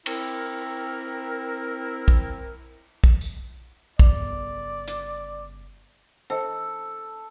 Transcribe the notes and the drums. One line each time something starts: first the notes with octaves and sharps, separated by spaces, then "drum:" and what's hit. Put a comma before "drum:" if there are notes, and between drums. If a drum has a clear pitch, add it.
C4 E4 A#4, drum: cymbal
drum: kick
drum: kick
drum: tambourine
G1 C#3 D5, drum: kick
drum: hi-hat
A4 C5 D#5